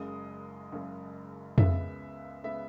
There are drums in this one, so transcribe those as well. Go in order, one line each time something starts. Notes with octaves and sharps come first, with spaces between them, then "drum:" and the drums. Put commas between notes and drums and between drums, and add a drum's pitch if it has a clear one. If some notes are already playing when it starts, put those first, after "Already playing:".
Already playing: F#1 F#2 C#3 G#3 D#6
F#1 F#2 C#3 G#3
C#2 C#3 G#3 B3 E5, drum: tom F2
C#3 G#3 B3 E5